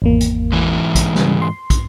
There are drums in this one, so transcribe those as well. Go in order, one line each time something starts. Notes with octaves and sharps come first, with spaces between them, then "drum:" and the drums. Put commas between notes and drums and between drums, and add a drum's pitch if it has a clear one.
G#1 E2 A#3
drum: hi-hat
G#2 E3
drum: kick, hi-hat
C#3 G3, drum: snare
C6
drum: kick, hi-hat